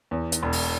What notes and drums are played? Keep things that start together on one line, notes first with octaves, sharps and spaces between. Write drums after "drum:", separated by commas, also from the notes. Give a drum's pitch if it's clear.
E2
drum: hi-hat
E1
drum: open hi-hat